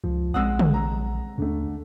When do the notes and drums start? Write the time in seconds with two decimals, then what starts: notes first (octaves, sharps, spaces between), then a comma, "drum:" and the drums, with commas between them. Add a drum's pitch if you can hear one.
0.04 C#2 F3
0.34 A#1 G#3 C4 F#5 D#6 E6
0.59 drum: tom
0.74 A#5
1.38 D#2 D3 A3